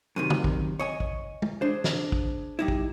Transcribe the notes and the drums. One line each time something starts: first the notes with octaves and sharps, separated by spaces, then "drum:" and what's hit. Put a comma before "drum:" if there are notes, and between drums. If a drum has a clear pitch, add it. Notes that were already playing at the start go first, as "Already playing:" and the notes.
F#2 C3 D#3 D#7
drum: tom
drum: kick
C#5 D#5 G#5
drum: kick
drum: tom G#3
D4 G#4 C5
drum: snare
drum: kick
G3 D#4 E4
drum: kick